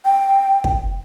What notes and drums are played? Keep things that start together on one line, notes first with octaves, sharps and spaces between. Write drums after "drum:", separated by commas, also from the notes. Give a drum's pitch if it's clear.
G5
drum: kick